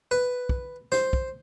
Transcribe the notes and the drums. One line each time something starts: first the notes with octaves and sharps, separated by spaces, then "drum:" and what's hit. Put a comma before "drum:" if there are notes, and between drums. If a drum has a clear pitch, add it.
B4
drum: kick
C5, drum: snare
drum: kick